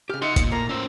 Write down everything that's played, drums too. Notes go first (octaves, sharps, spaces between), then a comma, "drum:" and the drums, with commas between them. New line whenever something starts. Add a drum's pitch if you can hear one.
C#3 G4 F6
D#4 E5 F#5 C6 C#7
A#2, drum: kick, hi-hat
A2 A#3 F4 A#5
C#4 C5 E6